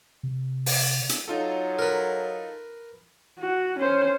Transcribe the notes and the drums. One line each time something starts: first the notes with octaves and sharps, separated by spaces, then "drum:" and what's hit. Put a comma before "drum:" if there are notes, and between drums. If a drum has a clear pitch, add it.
C3
drum: open hi-hat
drum: hi-hat
F#3 D#4 F4 A4
A#4 B4
F#4
C#4 C5